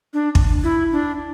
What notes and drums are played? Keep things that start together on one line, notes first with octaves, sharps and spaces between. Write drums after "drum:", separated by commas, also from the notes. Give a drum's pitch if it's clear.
D4
drum: kick
E4
D4